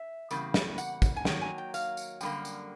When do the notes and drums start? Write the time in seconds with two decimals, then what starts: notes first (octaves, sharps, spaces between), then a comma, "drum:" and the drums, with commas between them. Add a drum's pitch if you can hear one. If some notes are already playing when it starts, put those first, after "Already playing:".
Already playing: E5
0.31 E2 C#3 G3 A#3, drum: tambourine
0.54 drum: snare
0.78 F#5, drum: tambourine
1.02 drum: kick, tambourine
1.16 G#5
1.25 D#3 F#3 A#3 G5, drum: snare
1.41 G#5
1.58 G5
1.74 F5, drum: tambourine
1.97 drum: tambourine
2.21 F#2 D3 G3 A#3 G5, drum: tambourine
2.45 drum: tambourine